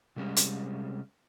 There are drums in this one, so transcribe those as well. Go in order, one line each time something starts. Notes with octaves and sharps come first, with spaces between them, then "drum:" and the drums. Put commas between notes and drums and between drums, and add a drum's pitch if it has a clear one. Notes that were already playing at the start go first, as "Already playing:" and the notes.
C3 G3 G#3 C#4
drum: hi-hat